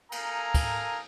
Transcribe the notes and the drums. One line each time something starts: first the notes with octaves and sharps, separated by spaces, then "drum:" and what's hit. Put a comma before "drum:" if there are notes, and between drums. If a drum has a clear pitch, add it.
A4 A#4 F5 G#5 A#5 D#6, drum: cymbal
drum: kick, cymbal